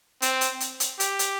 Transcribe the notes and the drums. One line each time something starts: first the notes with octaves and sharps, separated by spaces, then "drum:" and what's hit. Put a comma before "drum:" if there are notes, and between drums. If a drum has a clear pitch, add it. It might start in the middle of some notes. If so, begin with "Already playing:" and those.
C4, drum: hi-hat
drum: hi-hat
drum: hi-hat
drum: hi-hat
G4, drum: hi-hat
drum: hi-hat